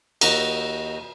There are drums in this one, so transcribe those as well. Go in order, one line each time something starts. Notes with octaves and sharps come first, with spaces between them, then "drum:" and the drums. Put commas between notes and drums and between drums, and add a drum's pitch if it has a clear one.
D#2 D#4 F#4 A#4 A#5 D#6, drum: cymbal